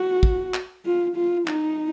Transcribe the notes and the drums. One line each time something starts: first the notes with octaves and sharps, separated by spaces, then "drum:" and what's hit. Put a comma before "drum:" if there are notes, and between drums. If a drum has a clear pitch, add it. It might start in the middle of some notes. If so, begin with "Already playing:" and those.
Already playing: F#4
drum: kick
drum: clap
F4
F4
D#4, drum: clap